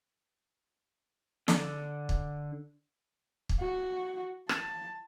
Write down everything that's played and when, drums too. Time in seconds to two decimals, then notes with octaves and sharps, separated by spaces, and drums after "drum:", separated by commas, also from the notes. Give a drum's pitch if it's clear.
1.48 D3, drum: snare
2.09 drum: kick
3.49 drum: kick
3.59 F#4
4.49 A5, drum: rim click